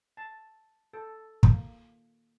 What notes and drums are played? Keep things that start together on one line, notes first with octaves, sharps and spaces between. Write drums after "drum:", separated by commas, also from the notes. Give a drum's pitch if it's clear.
A5
A4
A#3, drum: kick